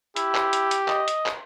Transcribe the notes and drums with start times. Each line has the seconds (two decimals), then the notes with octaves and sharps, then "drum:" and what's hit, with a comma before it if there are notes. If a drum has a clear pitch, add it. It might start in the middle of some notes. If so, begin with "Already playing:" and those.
0.16 E4 G4, drum: hi-hat
0.35 drum: clap
0.53 drum: hi-hat
0.71 drum: hi-hat
0.88 D#5, drum: clap
1.08 drum: hi-hat
1.26 drum: clap